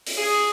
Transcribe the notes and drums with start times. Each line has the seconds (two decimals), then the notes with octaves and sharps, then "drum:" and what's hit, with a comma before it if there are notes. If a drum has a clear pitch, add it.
0.07 drum: open hi-hat
0.18 G#4